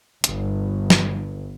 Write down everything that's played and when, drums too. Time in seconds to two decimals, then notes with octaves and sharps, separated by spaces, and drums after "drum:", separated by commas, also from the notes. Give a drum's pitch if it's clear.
0.24 G1, drum: hi-hat
0.90 drum: snare